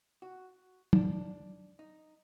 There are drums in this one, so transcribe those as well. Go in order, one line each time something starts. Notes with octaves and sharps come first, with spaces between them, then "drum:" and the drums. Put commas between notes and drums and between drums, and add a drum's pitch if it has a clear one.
F#4
D4, drum: tom
D#4